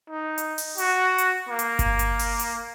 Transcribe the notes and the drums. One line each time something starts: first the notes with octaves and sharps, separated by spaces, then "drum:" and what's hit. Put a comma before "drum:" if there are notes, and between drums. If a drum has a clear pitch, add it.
D#4
drum: hi-hat
drum: open hi-hat
F#4, drum: hi-hat
drum: hi-hat
A#3
drum: hi-hat
drum: kick G1, hi-hat
drum: hi-hat
drum: open hi-hat
drum: hi-hat